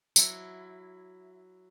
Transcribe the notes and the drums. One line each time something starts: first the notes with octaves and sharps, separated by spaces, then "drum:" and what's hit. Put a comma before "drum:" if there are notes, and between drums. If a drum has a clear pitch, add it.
F#3 E4, drum: tambourine